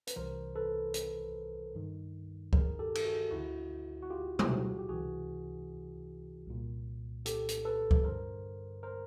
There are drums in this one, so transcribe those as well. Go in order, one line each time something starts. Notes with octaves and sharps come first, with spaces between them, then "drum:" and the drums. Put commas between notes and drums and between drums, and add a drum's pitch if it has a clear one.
B4, drum: hi-hat
C2 C3 E3 A#4 C5
A4 B4
drum: hi-hat
G2 D#3
G#4 A#4, drum: kick C#2
G4 A4
A4, drum: cymbal
F#4 G#4
D2 D3 E4 F#4
F#4
F4 G4
G4, drum: tom
F#4 G#4
G4
C#2 C3 E3 F#4 G#4
C2 A#2
G4 A4, drum: hi-hat
drum: hi-hat
A4 B4
drum: kick C#2
G2 D3 A#4 C5
A#4 C5